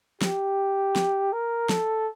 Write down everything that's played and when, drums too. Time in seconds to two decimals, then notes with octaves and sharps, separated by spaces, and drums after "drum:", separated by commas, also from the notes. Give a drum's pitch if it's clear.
0.22 G4, drum: snare
0.96 drum: snare
1.33 A#4
1.69 A4, drum: snare